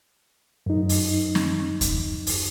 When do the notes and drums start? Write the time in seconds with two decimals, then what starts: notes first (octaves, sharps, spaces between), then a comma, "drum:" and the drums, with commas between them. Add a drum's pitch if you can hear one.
0.66 F#2 D#4
0.89 drum: open hi-hat
1.35 drum: snare
1.81 drum: kick D#2, hi-hat
2.27 drum: open hi-hat